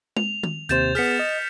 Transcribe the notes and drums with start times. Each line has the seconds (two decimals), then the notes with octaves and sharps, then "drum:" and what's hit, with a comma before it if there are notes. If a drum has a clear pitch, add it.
0.17 F7, drum: tom
0.43 drum: tom D#3
0.69 D#2 C3 C5 G6 A6 E7, drum: hi-hat
0.95 B3 G#4 F6 B6 C#7, drum: open hi-hat
1.19 D#5